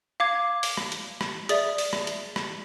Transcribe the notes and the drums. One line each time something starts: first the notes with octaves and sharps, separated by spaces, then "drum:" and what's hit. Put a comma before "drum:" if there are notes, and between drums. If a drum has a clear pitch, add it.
F5 D6 G#6
drum: open hi-hat
drum: rim click
drum: hi-hat
drum: rim click
G#4 D5 E5, drum: hi-hat
drum: open hi-hat
drum: rim click
drum: hi-hat
drum: rim click